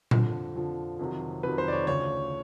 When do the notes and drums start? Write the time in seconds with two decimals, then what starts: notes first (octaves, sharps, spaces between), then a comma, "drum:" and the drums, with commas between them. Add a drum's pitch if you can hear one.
0.11 F2 D3 F3, drum: tom A#2
0.55 F2 D3 F3
0.99 F2 C3 D#3 F#3
1.43 F2 C3 D#3 F#3 B4
1.58 C5
1.68 D5
1.73 C#5
1.87 D2 C#3 F3 C#5